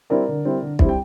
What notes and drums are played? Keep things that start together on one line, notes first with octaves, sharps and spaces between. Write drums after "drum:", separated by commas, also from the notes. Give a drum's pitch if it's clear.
G3 C4 E4 A#4 D5
D3
G3 C4 E4
D3
G3 C4 E4, drum: kick
G5